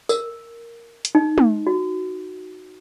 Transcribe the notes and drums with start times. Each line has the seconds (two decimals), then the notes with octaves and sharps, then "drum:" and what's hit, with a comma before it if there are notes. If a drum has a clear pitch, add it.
0.09 A#4, drum: tambourine
1.05 drum: hi-hat
1.15 D#4
1.38 drum: tom
1.67 F#4